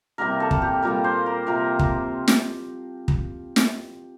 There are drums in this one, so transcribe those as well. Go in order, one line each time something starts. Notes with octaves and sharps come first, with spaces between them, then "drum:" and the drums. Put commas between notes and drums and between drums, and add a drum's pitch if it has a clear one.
C3 E3 G3 A#3 A#4
A4
drum: kick
G4
A#2 G3 A#3 A#4
C5
A#4
C3 F3 A#3 A#4
drum: kick
drum: snare
drum: kick
drum: snare